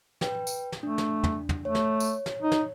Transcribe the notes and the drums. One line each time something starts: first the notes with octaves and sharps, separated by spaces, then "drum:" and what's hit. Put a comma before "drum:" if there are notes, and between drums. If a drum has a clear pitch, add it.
B4 G5, drum: snare
drum: tambourine
drum: snare
A3 D4
drum: snare
drum: tom
drum: tom
A3 C#5
drum: snare
drum: tambourine
drum: snare
D#4
drum: snare